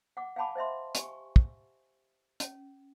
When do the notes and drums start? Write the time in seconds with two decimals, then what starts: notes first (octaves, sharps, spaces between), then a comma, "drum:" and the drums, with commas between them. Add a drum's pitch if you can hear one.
0.17 F#5 D6
0.36 F5 F#5 G#5 A5 B5 D6
0.55 C5 D#5 E5 C6
0.95 G4 G#5 C#6, drum: hi-hat
1.36 drum: kick
2.40 C#4, drum: hi-hat